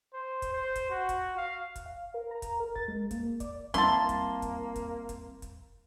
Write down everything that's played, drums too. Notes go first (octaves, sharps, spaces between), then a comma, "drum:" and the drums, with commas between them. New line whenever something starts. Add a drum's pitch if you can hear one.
C5
drum: kick, hi-hat
C5
drum: kick, hi-hat
F#4
drum: kick, hi-hat
F5
drum: kick, hi-hat
F5
A#4
A#5
drum: kick, hi-hat
A#4
A6, drum: kick
G#3
A#3, drum: kick, hi-hat
D5, drum: kick, hi-hat
G3 A#3 C4 E4 A5 C6, drum: kick, hi-hat
drum: kick, hi-hat
drum: kick, hi-hat
drum: kick, hi-hat
drum: kick, hi-hat
drum: kick, hi-hat